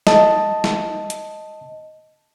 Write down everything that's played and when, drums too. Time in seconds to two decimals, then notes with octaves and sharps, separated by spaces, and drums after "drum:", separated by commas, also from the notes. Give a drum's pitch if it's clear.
0.07 D#5 A5, drum: snare
0.64 drum: snare
1.10 drum: hi-hat